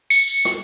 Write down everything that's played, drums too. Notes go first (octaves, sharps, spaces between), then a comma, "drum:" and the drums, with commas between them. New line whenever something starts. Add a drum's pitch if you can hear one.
C#7, drum: tambourine
drum: tambourine
drum: rim click